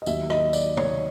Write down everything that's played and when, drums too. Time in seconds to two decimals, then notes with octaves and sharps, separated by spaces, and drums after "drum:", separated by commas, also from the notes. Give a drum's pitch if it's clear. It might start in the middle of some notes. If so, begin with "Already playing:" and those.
0.02 D#5
0.06 D#2 D#3 F#3 E5, drum: tambourine
0.30 D#5, drum: rim click
0.53 D5, drum: tambourine
0.77 C#5, drum: tom